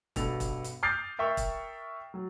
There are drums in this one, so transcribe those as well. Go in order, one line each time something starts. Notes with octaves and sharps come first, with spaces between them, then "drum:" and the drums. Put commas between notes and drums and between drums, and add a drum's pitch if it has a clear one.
G2 B2 A4 F7, drum: kick, hi-hat
drum: kick, hi-hat
drum: hi-hat
D6 D#6 F6 G6 A6 C7
A#4 E5 G5 C#6
drum: kick, hi-hat
F#3